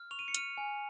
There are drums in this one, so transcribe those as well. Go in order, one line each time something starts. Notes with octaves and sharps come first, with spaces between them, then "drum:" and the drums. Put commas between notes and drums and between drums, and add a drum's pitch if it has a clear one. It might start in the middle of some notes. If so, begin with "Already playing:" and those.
Already playing: F6
C#6 F7
D#7
C#7
F6 D#7, drum: hi-hat
G#5